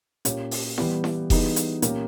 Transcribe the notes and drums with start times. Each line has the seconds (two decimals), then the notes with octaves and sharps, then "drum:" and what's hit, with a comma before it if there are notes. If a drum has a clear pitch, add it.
0.25 A#2 A#3 C#4 G4 C#5, drum: hi-hat
0.51 drum: open hi-hat
0.78 E3 G3 B3 G4, drum: snare E4
1.04 drum: snare E4
1.30 E3 G3 B3 D#4 G#4, drum: kick F1, open hi-hat
1.56 drum: hi-hat
1.82 A#2 A#3 C#4 G4, drum: hi-hat